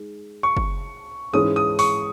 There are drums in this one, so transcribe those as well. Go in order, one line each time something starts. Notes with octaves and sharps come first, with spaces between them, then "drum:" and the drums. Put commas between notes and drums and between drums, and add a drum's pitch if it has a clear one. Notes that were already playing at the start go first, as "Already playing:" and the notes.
Already playing: G#3 D#4
C#6
drum: kick F#1
G#2 E3 G#3 C#4 G#4 D#6
D#6
C#6, drum: open hi-hat